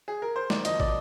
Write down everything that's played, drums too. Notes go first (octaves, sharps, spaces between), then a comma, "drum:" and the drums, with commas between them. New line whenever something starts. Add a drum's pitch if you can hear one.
G#4
A#4
C5
D#3 D5, drum: snare
F2 D#5, drum: hi-hat
D5, drum: kick